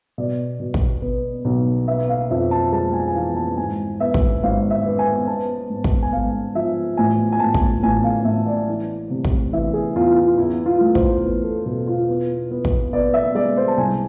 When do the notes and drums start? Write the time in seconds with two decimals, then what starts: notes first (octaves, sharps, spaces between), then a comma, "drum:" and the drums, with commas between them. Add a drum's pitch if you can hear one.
0.18 B2 D5
0.60 B2
0.74 drum: kick
1.02 B3
1.45 B1
1.88 B3 E5
2.09 F5
2.30 F2 E5
2.51 A5
2.72 G#3 A5
2.93 G#5
3.07 G#5
3.15 E3 F5
3.36 A5
3.57 G#1 G#5
4.00 B3 E5
4.14 drum: kick
4.43 G#1 F5
4.71 E5
4.86 B3
4.99 G#5
5.27 B3 A5
5.70 G#2
5.84 drum: kick
6.02 G#5
6.12 G#2 F5
6.55 F3 E5
6.97 A1 G#5
7.32 G#5
7.40 A1 A5
7.54 drum: kick
7.83 A1 G#5
8.04 F5
8.25 A1 E5
8.46 D5
8.68 E3
9.10 C3
9.25 drum: kick
9.53 E3 E5
9.74 G#4
9.96 E2 F4
10.16 F4
10.37 E2 E4
10.66 F4
10.81 A3
10.95 C5, drum: kick
11.23 E2 B4
11.44 A4
11.65 B2 A4
11.87 F4
12.09 B3
12.51 B3
12.65 drum: kick
12.93 B3 D5
13.14 E5
13.35 G#3 D5
13.57 C5
13.68 A5
13.77 C2 G#5